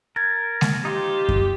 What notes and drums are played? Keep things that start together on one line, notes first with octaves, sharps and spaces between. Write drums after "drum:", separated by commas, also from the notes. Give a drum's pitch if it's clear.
A#4 G#6 A6
drum: snare G#3
D#4 F4 G4 C5
drum: kick F#2